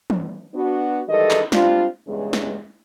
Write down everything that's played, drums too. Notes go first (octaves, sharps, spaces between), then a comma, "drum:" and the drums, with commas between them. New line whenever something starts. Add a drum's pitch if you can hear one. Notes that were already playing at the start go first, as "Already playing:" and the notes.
drum: tom
B3 D4 F#4
D#3 E3 G3 G#3 A4 D#5
drum: clap
G3 C4 D4 F4, drum: snare
E2 G2 C#3 G#3
drum: snare